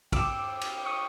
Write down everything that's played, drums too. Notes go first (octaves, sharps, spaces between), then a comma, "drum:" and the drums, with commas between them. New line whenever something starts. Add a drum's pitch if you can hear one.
G5 D6 E6, drum: kick, cymbal
drum: cymbal
C#6 D#6